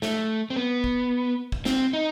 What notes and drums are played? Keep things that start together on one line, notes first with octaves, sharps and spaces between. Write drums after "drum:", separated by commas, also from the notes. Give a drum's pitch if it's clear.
A3, drum: snare
C4
B3
drum: kick
drum: kick
C4, drum: snare
D#4